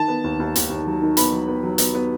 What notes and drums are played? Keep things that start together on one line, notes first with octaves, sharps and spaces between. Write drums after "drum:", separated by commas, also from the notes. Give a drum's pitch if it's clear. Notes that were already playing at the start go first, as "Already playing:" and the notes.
Already playing: D#3 A5
B3
D#2
D#2
D#2, drum: hi-hat
D#2
F#3
D#3
B3 B5, drum: hi-hat
F#3
B3
F#3
B3, drum: hi-hat
B3